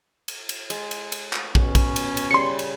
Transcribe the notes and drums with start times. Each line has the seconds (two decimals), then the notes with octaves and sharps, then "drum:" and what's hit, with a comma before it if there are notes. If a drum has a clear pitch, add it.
0.28 drum: cymbal
0.49 drum: cymbal
0.70 G#3, drum: cymbal
0.91 drum: cymbal
1.12 drum: cymbal
1.33 drum: clap
1.55 B2 C#4, drum: kick
1.75 drum: kick, cymbal
1.96 drum: cymbal
2.17 drum: cymbal
2.31 C#3 G3 C6 C#7
2.59 drum: cymbal